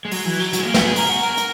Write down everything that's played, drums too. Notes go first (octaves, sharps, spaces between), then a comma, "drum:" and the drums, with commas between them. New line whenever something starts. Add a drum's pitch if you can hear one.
G#3
F#3, drum: open hi-hat
E3
F#3
F#3, drum: hi-hat
G#3
A#3
B3, drum: snare
G#4
A#4, drum: open hi-hat
F#4
A#4
drum: hi-hat